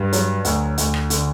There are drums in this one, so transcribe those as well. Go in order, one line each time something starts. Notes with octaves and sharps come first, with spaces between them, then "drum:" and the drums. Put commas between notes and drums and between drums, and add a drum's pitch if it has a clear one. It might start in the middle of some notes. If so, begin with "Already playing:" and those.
Already playing: G2
F#3, drum: hi-hat
D2, drum: hi-hat
D2, drum: hi-hat
drum: rim click
D3, drum: hi-hat